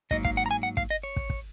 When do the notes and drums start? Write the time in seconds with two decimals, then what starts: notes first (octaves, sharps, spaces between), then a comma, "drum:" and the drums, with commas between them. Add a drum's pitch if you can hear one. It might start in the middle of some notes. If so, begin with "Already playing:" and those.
0.11 G#2 F#3 A#3 D#4 D#5, drum: kick
0.25 F5, drum: kick
0.37 F#5
0.46 A#5
0.51 G#5
0.63 F#5
0.77 F5, drum: kick
0.90 D#5
1.03 C#5
1.16 drum: kick
1.30 drum: kick